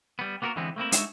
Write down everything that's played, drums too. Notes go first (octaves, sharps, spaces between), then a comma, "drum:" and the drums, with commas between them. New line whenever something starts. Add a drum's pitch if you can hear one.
G3 B3
A#3 B3 F#4 G#4 A#4
D3 E3 G#3 B3 C4
A3 A#3 C4 E4
G#3 D4 D#4 F#4 C#5 E5, drum: hi-hat